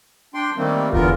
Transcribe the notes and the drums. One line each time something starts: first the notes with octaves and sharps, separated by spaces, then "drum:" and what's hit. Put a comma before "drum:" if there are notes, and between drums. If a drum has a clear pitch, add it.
D4 G5 C6
D#3 G3 A3 A#3 C4
E2 D3 E3 B3 F4 A#4, drum: kick E1